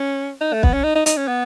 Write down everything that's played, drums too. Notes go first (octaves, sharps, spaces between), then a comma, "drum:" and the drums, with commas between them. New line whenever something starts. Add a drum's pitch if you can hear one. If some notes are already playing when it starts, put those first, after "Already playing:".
Already playing: C#4
D#4
A3
B3, drum: kick B1
C#4
D#4
D#4
D#4, drum: hi-hat
C#4
B3